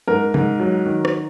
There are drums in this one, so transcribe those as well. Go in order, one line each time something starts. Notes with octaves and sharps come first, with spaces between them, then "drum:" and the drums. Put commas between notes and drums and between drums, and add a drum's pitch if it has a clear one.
G#2 A#4
G#2, drum: tom C3
F#3
D#3
drum: rim click